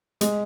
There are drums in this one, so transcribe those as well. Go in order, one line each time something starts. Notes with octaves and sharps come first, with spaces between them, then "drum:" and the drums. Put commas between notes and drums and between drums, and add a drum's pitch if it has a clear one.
G#3, drum: hi-hat